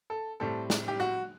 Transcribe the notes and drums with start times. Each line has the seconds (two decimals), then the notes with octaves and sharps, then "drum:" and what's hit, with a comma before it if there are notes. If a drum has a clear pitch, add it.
0.10 A4
0.40 A2 G3 C4 A4
0.70 drum: snare
0.88 G4
1.00 F#4